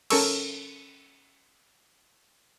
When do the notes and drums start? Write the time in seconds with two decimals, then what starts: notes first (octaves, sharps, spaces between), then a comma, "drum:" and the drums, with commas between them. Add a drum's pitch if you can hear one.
0.10 C#4 A4 A#4 A5 C#6 E6, drum: cymbal